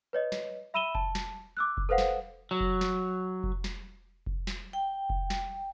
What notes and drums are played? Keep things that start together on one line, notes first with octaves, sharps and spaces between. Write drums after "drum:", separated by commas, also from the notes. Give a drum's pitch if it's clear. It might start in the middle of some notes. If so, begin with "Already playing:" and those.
B4 C#5 D#5
drum: snare
E5 B5 E6 D#7 E7 G7
A5, drum: kick F1
drum: snare
D6 E6 F#6
drum: kick F1
A4 B4 C5 F5 F#5
drum: snare
F#3
drum: kick F1
drum: snare
drum: kick F1
drum: snare
drum: kick F1
drum: snare
G5
drum: kick F1
drum: snare